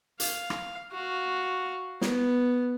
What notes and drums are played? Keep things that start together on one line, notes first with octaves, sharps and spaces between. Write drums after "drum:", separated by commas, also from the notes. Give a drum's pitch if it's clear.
F5, drum: hi-hat
drum: rim click
F#4 F5
B3, drum: snare